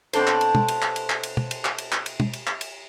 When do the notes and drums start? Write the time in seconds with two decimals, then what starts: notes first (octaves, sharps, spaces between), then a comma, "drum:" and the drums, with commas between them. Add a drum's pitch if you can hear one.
0.13 B2 C4 D4 A4 C5, drum: cymbal
0.27 drum: clap
0.41 drum: cymbal
0.55 drum: tom
0.68 drum: cymbal
0.82 drum: clap
0.96 drum: cymbal
1.10 drum: clap
1.23 drum: cymbal
1.37 drum: tom
1.51 drum: cymbal
1.65 drum: clap
1.78 drum: cymbal
1.92 drum: clap
2.06 drum: cymbal
2.20 drum: tom
2.33 drum: cymbal
2.47 drum: clap
2.61 drum: cymbal